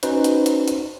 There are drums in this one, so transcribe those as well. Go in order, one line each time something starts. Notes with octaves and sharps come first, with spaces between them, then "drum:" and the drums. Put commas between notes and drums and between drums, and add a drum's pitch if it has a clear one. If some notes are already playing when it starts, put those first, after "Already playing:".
C#4 D#4 F#4 B4 C5, drum: hi-hat
drum: hi-hat
drum: hi-hat
drum: hi-hat